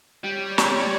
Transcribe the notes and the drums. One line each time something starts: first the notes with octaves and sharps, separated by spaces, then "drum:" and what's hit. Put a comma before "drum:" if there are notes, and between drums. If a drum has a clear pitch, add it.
G3 C#5 D5
drum: snare